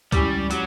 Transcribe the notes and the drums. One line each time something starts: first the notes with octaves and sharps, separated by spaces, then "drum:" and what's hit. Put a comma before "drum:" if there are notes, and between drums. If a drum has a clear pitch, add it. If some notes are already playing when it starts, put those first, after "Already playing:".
G3 G#3 C#4 E4 G4, drum: kick C#2, hi-hat
F#3, drum: hi-hat